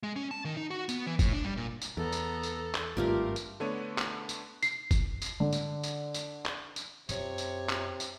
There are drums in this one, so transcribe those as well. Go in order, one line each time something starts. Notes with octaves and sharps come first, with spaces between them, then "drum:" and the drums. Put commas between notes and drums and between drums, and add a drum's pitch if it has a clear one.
G#3
C#4
A5
D#3
D#4
F#4
B3, drum: tambourine
E3
A2, drum: kick, tambourine
D4
G3
A#2
drum: tambourine
E2 B3 A4 A#5
drum: tambourine
drum: tambourine
drum: clap
G#1 G2 A3 F4 G4 A#4
drum: tambourine
D3 A3 B3 D4 C#5 D#7
drum: clap
drum: tambourine
C7, drum: tambourine
drum: kick, tambourine
drum: tambourine
D3
drum: tambourine
drum: tambourine
drum: tambourine
drum: clap
drum: tambourine
F#2 C3 F4 C#5, drum: tambourine
drum: tambourine
drum: clap
drum: tambourine